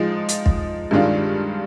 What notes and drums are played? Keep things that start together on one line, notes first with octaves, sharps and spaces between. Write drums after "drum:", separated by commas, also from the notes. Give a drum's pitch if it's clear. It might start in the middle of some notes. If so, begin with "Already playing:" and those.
Already playing: F3 G#3 D#4
drum: hi-hat
drum: kick
G2 D#3 G#3 D4 F4